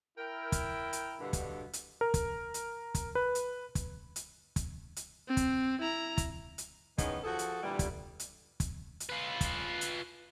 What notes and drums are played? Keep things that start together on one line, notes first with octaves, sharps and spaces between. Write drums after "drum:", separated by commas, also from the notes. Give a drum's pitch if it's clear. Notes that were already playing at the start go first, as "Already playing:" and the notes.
E4 A#4 G5
drum: kick, hi-hat
drum: hi-hat
G2 B2 D3
drum: kick, hi-hat
drum: hi-hat
A#4
drum: kick, hi-hat
drum: hi-hat
drum: kick, hi-hat
B4
drum: hi-hat
drum: kick, hi-hat
drum: hi-hat
drum: kick, hi-hat
drum: hi-hat
C4
drum: kick, hi-hat
E4 A#5
drum: kick, hi-hat
drum: hi-hat
D#3 E3 G#3 B3 C#4 D#4, drum: kick, hi-hat
F3 F#4 G#4 A4
drum: hi-hat
A#2 D3 E3 G3
drum: kick, hi-hat
drum: hi-hat
drum: kick, hi-hat
drum: hi-hat
F4 B4
drum: kick, hi-hat
drum: hi-hat